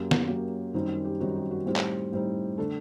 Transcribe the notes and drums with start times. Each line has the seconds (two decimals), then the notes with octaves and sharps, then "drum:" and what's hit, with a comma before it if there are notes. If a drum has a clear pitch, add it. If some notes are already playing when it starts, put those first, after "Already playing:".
Already playing: F#2 F#3 A#3 G4
0.11 drum: snare B3
0.28 F#2 F#3 A#3 G4
0.74 F#2 D#3 G3 C4 D#4 F#4
1.05 G4
1.20 F#2 D#3 G3 C4 D#4 F#4
1.36 G4
1.51 F#4
1.66 A2 G3 C4 D#4 G4
1.76 drum: clap
2.12 A2 G3 C4 D#4
2.58 D3 A3 D4 A4